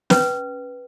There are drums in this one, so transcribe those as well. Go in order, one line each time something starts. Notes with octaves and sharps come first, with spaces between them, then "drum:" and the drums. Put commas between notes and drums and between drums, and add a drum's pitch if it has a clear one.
C#4 B4, drum: snare